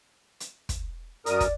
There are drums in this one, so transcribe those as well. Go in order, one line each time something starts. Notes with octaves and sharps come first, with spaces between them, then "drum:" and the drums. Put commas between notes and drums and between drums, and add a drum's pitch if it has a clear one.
drum: hi-hat
drum: kick, hi-hat
F#2 A#4 D5 D#6, drum: hi-hat
drum: kick, hi-hat